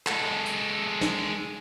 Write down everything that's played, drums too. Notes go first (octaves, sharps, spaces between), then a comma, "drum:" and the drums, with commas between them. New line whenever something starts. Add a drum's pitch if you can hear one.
G#3 A4, drum: clap
drum: hi-hat
drum: snare